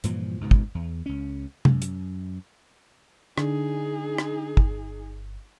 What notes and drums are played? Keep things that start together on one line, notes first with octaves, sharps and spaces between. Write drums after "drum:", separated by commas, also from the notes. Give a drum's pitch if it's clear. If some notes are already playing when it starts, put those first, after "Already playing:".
G2 A#2 E3 F3, drum: hi-hat
C#2 G#2 B2
drum: kick
E2
C#2 C#4
F#2, drum: tom C3
drum: hi-hat
D3 D4 D#4 G#4, drum: rim click
drum: rim click
G1, drum: kick